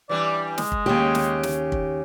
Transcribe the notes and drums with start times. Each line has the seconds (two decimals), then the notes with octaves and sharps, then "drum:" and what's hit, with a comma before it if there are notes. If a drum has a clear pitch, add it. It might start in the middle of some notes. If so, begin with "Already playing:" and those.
0.09 E3 G3 D4 D5
0.58 G#3, drum: snare
0.72 drum: kick
0.86 D#2 C#3 G4
1.15 drum: snare
1.43 drum: snare
1.72 drum: kick